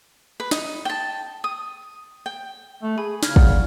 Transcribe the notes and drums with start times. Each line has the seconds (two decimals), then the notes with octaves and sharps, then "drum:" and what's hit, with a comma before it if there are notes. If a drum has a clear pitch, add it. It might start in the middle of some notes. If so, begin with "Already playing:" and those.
0.40 B4
0.51 D#4, drum: snare
0.85 G5 A5
1.44 D#6
2.26 G5
2.83 A3
2.98 G#4 G#5 B5
3.23 C#3 F6 G#6, drum: snare
3.36 D5 F#5 F6, drum: kick